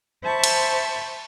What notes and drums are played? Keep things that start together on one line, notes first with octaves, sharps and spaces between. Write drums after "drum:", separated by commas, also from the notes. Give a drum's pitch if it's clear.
C5 E5 A5 B5 C#6
drum: cymbal